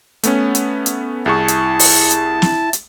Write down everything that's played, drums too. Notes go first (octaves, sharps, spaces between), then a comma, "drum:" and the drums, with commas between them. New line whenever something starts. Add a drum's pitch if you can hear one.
A3 B3 C#4, drum: hi-hat
drum: hi-hat
drum: hi-hat
C2 E4 G#4 A5 C#6
drum: hi-hat
drum: open hi-hat
drum: hi-hat
drum: snare
drum: hi-hat